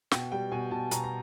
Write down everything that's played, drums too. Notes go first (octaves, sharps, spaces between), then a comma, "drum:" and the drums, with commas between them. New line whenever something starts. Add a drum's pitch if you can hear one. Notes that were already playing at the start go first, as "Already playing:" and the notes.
B2 G5, drum: snare
G3 G5
B2 G#5
B2 A5
B2 A#5, drum: hi-hat
A#5